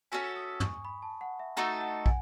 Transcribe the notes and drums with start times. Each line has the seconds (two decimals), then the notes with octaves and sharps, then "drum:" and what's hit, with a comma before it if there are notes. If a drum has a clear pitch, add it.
0.12 C#4 F#4 A4 E5 G#5
0.36 D#6
0.60 C#6, drum: tom
0.85 B5
1.02 A5
1.21 F#5
1.40 E5
1.57 A3 D#4 F#4 A4 F#5
1.81 F#5
2.06 G#5, drum: kick